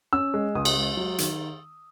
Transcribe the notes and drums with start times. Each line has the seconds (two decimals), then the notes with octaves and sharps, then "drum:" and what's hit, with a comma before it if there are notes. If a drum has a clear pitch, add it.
0.13 C#4 E6
0.34 G#3
0.55 C#2 D#6
0.65 drum: cymbal
0.76 G#3
0.97 F#3
1.18 D#3, drum: hi-hat